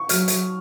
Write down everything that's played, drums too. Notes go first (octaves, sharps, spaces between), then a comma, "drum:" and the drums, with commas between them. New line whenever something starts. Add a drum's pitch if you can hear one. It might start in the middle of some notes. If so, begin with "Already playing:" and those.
Already playing: C#6
F#3 F6, drum: hi-hat
drum: hi-hat